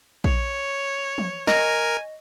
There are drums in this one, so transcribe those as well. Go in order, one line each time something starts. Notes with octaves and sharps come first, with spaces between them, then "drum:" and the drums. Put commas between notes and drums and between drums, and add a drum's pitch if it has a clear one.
C#5, drum: kick A#1
drum: tom
A#4 D#5 G#5 A#6, drum: snare